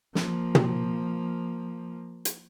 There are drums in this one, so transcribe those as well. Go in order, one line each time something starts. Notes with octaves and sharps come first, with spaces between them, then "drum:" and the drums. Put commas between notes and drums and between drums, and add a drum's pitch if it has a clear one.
F3 A#3, drum: snare
drum: tom
drum: hi-hat